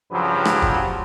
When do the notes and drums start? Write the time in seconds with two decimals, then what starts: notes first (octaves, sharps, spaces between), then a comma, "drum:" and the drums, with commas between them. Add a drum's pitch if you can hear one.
0.12 G2 C#3 F3 F#3 G4 B4
0.45 drum: rim click
0.62 drum: kick